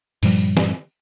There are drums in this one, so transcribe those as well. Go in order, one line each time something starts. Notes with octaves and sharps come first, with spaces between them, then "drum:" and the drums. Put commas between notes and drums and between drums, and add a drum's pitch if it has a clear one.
G2 A#2 F3 G3, drum: open hi-hat
drum: snare